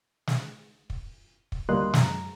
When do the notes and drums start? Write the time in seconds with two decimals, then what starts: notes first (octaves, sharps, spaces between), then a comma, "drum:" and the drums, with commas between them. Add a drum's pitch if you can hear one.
0.27 drum: snare
0.90 drum: kick
1.52 drum: kick
1.69 D2 G3 A#3 D#5 C6 F#6
1.94 F#2 A#5, drum: snare